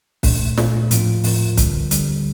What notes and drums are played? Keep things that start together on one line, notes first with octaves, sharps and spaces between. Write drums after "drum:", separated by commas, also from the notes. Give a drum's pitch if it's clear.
A#2 A3 D4, drum: kick, open hi-hat
A#2 A3 D4, drum: snare
A2 F3 C4 F4 A#4, drum: hi-hat
A2 F3 C4 F4 A#4, drum: open hi-hat
D2 D3 G3, drum: kick, hi-hat
D2 D3 G3, drum: hi-hat